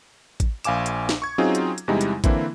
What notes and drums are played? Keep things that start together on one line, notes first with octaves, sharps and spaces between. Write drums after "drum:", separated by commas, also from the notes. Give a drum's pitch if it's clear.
drum: kick, hi-hat
A#1 F5 G#5 D6 E7, drum: hi-hat
drum: hi-hat
drum: snare
C#6 G#6
F#3 C4 C#4 D#4 F4 G#4
drum: hi-hat
drum: hi-hat
E2 C3 G3 G#3 D#4 E4
drum: hi-hat
D3 E3 A#3 C4 E4, drum: kick, hi-hat